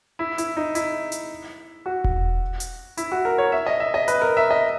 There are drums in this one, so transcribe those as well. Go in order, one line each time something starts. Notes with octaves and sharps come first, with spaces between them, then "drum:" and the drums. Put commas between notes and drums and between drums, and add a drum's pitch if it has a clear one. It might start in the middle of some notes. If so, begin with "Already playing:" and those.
E4
E4, drum: hi-hat
D#4
E4, drum: hi-hat
drum: hi-hat
F#4
drum: kick E1
drum: hi-hat
E4, drum: hi-hat
F#4
A#4
C#5
E5
D#5
E5
D#5
B4, drum: hi-hat
A#4
E5
D#5